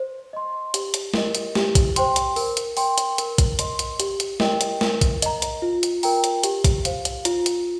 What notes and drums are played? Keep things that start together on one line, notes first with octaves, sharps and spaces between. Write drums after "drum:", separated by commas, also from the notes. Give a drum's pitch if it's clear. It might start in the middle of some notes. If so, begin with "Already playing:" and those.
Already playing: C5
D#5 C6
G4, drum: hi-hat
drum: hi-hat
A#4 D#5, drum: snare
drum: hi-hat
G4, drum: snare
drum: kick A#1, hi-hat
C5 G5 C6, drum: hi-hat
drum: hi-hat
A#4, drum: open hi-hat
drum: hi-hat
G5 C6, drum: open hi-hat
drum: hi-hat
A#4, drum: hi-hat
drum: kick A#1, hi-hat
D#5 C6, drum: hi-hat
drum: hi-hat
G4, drum: hi-hat
drum: hi-hat
A#4 D#5 G5, drum: snare
drum: hi-hat
A#4, drum: snare
drum: kick A#1, hi-hat
D#5 A#5, drum: hi-hat
drum: hi-hat
F4
drum: hi-hat
A#4 G5 A#5, drum: open hi-hat
drum: hi-hat
G4, drum: hi-hat
drum: kick A#1, hi-hat
C5 F5, drum: hi-hat
drum: hi-hat
F4, drum: hi-hat
drum: hi-hat